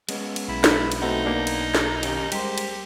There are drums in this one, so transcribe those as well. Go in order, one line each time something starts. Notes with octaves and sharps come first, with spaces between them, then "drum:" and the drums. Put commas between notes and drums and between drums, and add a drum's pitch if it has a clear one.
G#3 B3 C#4, drum: cymbal
drum: cymbal
B1 E4
drum: snare
drum: cymbal
A3 B3 C4 D#4 F#4
A#3 D4
drum: cymbal
drum: snare
D#3 C#4 G4, drum: cymbal
G3 G#3 G4 C5, drum: cymbal
drum: cymbal